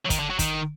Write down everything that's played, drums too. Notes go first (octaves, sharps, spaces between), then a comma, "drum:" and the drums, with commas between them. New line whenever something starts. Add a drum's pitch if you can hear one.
F#3
D#3, drum: kick, hi-hat
D3
F#3
D#3, drum: kick, hi-hat